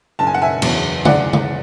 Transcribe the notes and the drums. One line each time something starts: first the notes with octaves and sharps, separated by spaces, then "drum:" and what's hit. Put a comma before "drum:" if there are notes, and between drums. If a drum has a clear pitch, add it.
F#1 A5
G#5
F#5
E5 G#5
E2 C#3 F#3, drum: cymbal
F#1 D5 F#5, drum: tom C#3
drum: tom C#3